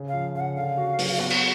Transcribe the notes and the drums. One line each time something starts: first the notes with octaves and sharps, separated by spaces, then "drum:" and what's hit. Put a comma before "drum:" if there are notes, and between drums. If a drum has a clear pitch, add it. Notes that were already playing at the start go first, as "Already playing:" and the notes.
Already playing: C#3
F5
F3
C#3 F5
F#5
D3 F5
F#4
F#3, drum: open hi-hat
B3 F#4
drum: cymbal